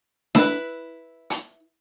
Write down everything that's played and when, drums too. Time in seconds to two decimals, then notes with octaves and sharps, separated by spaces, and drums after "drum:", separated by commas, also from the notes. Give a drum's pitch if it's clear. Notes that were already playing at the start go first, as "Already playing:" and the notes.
0.35 E4 B4, drum: snare D4
1.30 drum: hi-hat